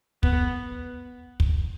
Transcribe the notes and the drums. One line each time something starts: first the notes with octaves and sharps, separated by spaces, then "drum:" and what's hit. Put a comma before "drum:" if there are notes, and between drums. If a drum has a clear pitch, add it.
B3, drum: kick
drum: kick